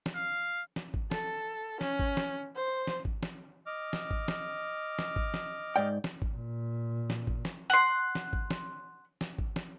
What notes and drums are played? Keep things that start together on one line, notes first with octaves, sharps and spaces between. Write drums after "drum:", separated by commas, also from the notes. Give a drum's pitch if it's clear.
drum: snare
F5
drum: snare
drum: kick G#1
A4, drum: snare
C#4, drum: snare
drum: kick G#1
drum: snare
C5
drum: snare
drum: kick G#1
drum: snare
D#5 D6 F6
drum: snare
drum: kick G#1
drum: snare
drum: snare
drum: kick G#1
drum: snare
G#2 D5 G5
drum: snare
drum: kick G#1
A#2
drum: snare
drum: kick G#1
drum: snare
F#5 C6
drum: snare
drum: kick G#1
drum: snare
drum: snare
drum: kick G#1
drum: snare